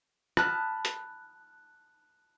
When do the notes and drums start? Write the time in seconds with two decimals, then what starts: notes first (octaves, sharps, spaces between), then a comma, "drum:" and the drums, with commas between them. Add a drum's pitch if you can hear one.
0.37 A5 B5 D#6 F6 F#6, drum: rim click
0.85 drum: hi-hat